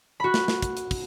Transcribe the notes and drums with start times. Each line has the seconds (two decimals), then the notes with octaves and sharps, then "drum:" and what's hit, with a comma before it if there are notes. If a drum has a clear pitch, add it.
0.20 F#4 B5
0.34 drum: snare
0.48 drum: snare
0.62 drum: kick, hi-hat
0.77 drum: hi-hat
0.91 drum: kick, open hi-hat